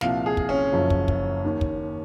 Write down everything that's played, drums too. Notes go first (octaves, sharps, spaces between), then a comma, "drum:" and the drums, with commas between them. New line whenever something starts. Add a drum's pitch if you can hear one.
C2 A#2 F3 F5, drum: snare
G#4
drum: kick
C#4
F#1 F#2 F3
drum: kick
drum: kick
D#2 D#3
drum: kick